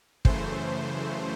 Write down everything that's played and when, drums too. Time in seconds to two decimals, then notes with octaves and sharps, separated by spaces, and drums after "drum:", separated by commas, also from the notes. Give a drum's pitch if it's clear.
0.25 F#2 C#3 E3 A3 C5, drum: kick